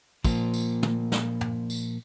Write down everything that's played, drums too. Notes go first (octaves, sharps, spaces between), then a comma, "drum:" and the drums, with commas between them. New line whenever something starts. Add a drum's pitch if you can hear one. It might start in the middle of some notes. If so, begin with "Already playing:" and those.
A#2 F3 A#3, drum: kick, tambourine
drum: tambourine
drum: tom
drum: snare
drum: tom
drum: tambourine